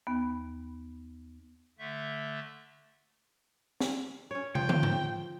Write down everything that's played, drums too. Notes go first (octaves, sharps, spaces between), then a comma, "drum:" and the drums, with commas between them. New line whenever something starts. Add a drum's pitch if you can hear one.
D#2 B3
D3 A3 E5
drum: snare
C#4 C#5
F3 G5, drum: tom
drum: tom
drum: tom